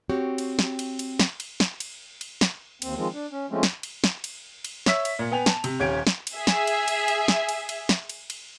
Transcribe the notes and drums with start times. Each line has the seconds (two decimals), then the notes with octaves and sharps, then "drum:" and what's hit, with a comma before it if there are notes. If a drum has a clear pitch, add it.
0.09 C4 F#4 G4 C#5
0.38 drum: cymbal
0.59 drum: snare
0.79 drum: cymbal
0.99 drum: cymbal
1.20 drum: snare
1.40 drum: cymbal
1.60 drum: snare
1.80 drum: cymbal
2.21 drum: cymbal
2.41 drum: snare
2.82 D#2 C4, drum: cymbal
2.96 D#3 F3 G#3 C4
3.14 D4
3.32 C#4
3.51 F3 G#3 A3 C4 C#4
3.63 drum: snare
3.83 drum: cymbal
4.04 drum: snare
4.24 drum: cymbal
4.64 drum: cymbal
4.86 C#5 E5 E6 B6, drum: snare
5.05 drum: cymbal
5.19 A#2
5.32 B3 G5 G#5 F7
5.46 A5, drum: snare
5.64 C3, drum: cymbal
5.80 D#1 C#4 G4 G#6 D7
6.07 drum: snare
6.27 drum: cymbal
6.36 G#4 E5
6.47 drum: snare
6.67 drum: cymbal
6.88 drum: cymbal
7.08 drum: cymbal
7.28 drum: snare
7.49 drum: cymbal
7.69 drum: cymbal
7.89 drum: snare
8.09 drum: cymbal
8.30 drum: cymbal